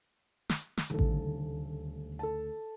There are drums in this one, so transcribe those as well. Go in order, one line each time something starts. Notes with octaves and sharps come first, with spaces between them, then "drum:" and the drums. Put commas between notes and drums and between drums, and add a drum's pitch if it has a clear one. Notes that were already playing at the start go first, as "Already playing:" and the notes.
drum: snare
drum: snare
D#1 D2 C#3 A4
drum: kick A1
A4 A5